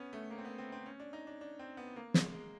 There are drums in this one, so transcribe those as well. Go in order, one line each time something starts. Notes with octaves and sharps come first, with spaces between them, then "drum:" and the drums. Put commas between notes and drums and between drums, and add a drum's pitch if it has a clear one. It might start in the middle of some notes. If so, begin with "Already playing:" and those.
Already playing: B3 C#4
A3
A#3
C4
B3
C4
C4
C#4
D4
D#4
D4
D4
C4
B3
A#3
G#3, drum: snare
G#3